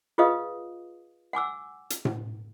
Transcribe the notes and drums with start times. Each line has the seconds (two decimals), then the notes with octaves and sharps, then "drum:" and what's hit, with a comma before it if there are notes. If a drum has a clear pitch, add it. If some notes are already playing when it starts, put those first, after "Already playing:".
0.18 F4 G#4 B4 D#5 F5 D#6
1.33 F#5 G#5 D6 E6
1.90 drum: hi-hat
2.05 drum: tom A2